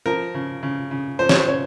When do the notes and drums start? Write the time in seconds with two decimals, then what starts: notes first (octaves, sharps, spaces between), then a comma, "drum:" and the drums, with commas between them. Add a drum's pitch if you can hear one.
0.06 F3 A#4
0.34 C#3
0.63 C#3
0.91 C#3
1.19 F3 C5
1.29 C#5, drum: snare
1.39 C5
1.48 C#3 C#5